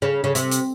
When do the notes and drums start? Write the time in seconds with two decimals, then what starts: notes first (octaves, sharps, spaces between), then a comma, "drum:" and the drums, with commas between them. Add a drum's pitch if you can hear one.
0.02 C#3
0.24 C#3
0.35 C3, drum: hi-hat
0.51 drum: hi-hat